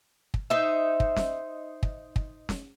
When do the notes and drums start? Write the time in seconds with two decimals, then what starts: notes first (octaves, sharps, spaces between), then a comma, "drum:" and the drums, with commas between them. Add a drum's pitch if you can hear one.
0.34 drum: kick
0.50 D#4 C5 E5
1.00 drum: kick
1.16 drum: snare
1.83 drum: kick
2.16 drum: kick
2.49 drum: snare